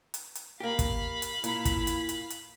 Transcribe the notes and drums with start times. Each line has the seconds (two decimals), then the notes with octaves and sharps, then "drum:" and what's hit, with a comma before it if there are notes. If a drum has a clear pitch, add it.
0.14 drum: hi-hat
0.35 drum: hi-hat
0.60 A#3 G4 F5 B5
0.79 drum: kick, hi-hat
1.22 drum: hi-hat
1.44 A#2 E4, drum: hi-hat
1.65 drum: kick, hi-hat
1.87 drum: hi-hat
2.09 drum: hi-hat
2.30 drum: hi-hat